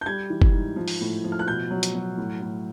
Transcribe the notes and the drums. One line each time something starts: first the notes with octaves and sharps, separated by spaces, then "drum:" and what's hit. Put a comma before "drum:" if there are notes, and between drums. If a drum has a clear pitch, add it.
G6
G3 G#6
E3
drum: kick F#1
G#2
F3
drum: open hi-hat
A2
F3
F6
F#6
B2 G6
F#3
drum: hi-hat
F#3
A2
A2